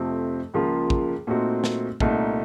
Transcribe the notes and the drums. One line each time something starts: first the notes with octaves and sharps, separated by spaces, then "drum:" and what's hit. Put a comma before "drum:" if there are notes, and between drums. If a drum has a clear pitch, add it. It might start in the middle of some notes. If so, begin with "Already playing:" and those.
Already playing: F2 C3 F3 A3 C4
C#2 C#3 F3 A#3 F4
drum: kick
A#2 A3 C4 D#4 F#4
drum: snare
C2 A#2 A3 D#4, drum: kick